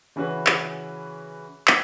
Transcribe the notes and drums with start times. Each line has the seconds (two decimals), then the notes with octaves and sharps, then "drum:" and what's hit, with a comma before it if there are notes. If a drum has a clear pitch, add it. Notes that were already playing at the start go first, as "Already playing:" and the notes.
0.16 C#3 E3 C#4 F#4 B4
0.47 drum: clap
1.68 drum: clap